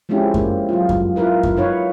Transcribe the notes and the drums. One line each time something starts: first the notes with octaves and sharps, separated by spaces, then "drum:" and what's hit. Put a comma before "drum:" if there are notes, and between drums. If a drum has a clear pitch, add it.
F3 G#3 C4 C#4 E4 G4
A#3, drum: kick F#2
F#3 F4
drum: kick F#2
E4 F4 A#4 B4
drum: kick F#2
D#4 B4 C#5 F5